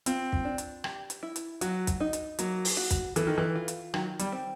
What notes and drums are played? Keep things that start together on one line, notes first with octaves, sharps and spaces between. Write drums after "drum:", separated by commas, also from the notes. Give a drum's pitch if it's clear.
C4 F4, drum: hi-hat
drum: kick
D4
drum: hi-hat
G4, drum: rim click
drum: hi-hat
E4
drum: hi-hat
F#3 F#4, drum: hi-hat
drum: kick, hi-hat
D#4
drum: hi-hat
F#3 A#3, drum: hi-hat
drum: open hi-hat
F#4
drum: kick, hi-hat
E3 A4, drum: hi-hat
D#3
E3
F4
drum: hi-hat
D#3 F#3, drum: rim click
G3, drum: hi-hat
C4